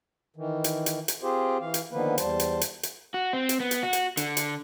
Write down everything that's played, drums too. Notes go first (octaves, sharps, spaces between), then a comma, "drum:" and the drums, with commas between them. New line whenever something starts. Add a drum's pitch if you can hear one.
D#3 E3
drum: hi-hat
drum: hi-hat
drum: hi-hat
C4 F4 G4 G#4 C5
E3 F5
drum: hi-hat
D3 D#3 F3 A#3 B3 B4
E2 G3 C5 A5, drum: hi-hat
drum: hi-hat
drum: hi-hat
drum: hi-hat
F#4
C4
drum: hi-hat
B3
drum: hi-hat
F#4
drum: hi-hat
D3, drum: hi-hat
drum: hi-hat